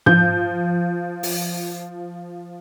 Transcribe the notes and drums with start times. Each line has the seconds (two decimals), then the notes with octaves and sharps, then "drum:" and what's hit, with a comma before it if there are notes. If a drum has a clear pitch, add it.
0.06 F3 G6, drum: tom G#2
1.23 drum: open hi-hat